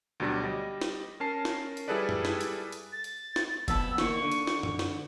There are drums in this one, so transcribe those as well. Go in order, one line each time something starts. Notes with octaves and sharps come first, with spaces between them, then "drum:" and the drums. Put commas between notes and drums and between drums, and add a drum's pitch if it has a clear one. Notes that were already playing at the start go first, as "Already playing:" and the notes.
D2 B2 F#3 G3 D4 A#6
G3 D#5
drum: snare
C#4 A#4 A5 C7
drum: snare
drum: hi-hat
G3 E4 G#4 A4 B4 D5
drum: tom F#2
drum: snare
drum: hi-hat
drum: hi-hat
A6
drum: hi-hat
drum: snare
F2 B3 A5 E6, drum: kick F1, hi-hat
A#2 D#3 A#3 C#6, drum: snare
D3
drum: hi-hat
drum: snare
drum: tom F#2
drum: snare